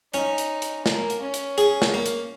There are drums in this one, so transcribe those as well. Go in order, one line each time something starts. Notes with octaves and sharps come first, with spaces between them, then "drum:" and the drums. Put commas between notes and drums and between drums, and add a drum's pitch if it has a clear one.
C#4 D#4, drum: hi-hat
drum: hi-hat
drum: hi-hat
A#3, drum: snare
drum: hi-hat
C#4
drum: hi-hat
G#4, drum: hi-hat
drum: snare
A#3
drum: hi-hat